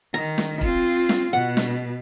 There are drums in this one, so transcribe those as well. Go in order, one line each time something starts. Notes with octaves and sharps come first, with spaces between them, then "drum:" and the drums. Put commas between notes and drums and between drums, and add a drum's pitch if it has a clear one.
D#3 A#5
drum: snare
C4 F4, drum: kick E1
drum: snare
B2 F#5
drum: snare